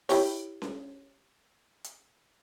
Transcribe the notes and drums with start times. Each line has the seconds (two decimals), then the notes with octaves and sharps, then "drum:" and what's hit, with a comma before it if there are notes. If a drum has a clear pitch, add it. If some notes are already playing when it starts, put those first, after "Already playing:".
0.09 E4 G4 C#5, drum: open hi-hat
0.62 drum: snare C#4
1.84 drum: hi-hat